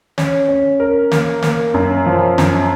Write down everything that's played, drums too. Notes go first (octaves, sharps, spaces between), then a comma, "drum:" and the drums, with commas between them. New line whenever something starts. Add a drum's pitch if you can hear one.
C#4, drum: snare
C#4
A#4
A#3, drum: snare
A#3, drum: snare
F#2
F3
F#2, drum: snare